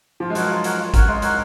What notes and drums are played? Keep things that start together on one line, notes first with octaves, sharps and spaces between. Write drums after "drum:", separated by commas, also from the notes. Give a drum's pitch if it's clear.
F3 F4
G#3
F#3 A#4 C#5 F#5, drum: hi-hat
F4
A#4 C#5 F#5, drum: hi-hat
F4
A#4 C#5 F#5, drum: kick, hi-hat
G#3 F4
A#4 C#5 F#5, drum: hi-hat